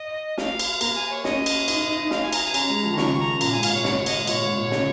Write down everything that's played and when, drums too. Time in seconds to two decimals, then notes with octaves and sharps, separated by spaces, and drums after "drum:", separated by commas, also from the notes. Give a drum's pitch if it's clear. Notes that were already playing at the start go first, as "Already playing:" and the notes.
Already playing: D#5
0.38 F5, drum: snare
0.59 drum: cymbal
0.81 A#3 A#5, drum: cymbal
0.95 G#5
1.10 C#5
1.24 C#4 D#5, drum: snare
1.46 drum: cymbal
1.68 D#4, drum: cymbal
1.82 D#4
1.97 D#4
2.11 F5, drum: snare
2.22 G#5
2.33 A#5, drum: cymbal
2.44 G#5
2.54 C#4 A#5, drum: cymbal
2.69 G#3
2.84 F3
2.93 D#3
2.97 C#3 C#6, drum: snare
3.20 A#5
3.41 A#2 A#5, drum: cymbal
3.52 G#2 G#5
3.63 F5, drum: cymbal
3.69 A#2
3.74 C#5
3.84 G#2 C#5, drum: snare
4.06 D#5, drum: cymbal
4.27 A#2 C#5, drum: cymbal
4.43 G#2
4.57 A#2
4.71 C#3, drum: snare